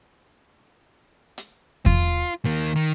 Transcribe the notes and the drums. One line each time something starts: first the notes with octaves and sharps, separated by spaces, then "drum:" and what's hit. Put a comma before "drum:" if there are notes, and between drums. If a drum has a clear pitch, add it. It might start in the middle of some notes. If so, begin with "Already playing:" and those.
drum: hi-hat
F4, drum: kick E2
D#3 A#3
D#3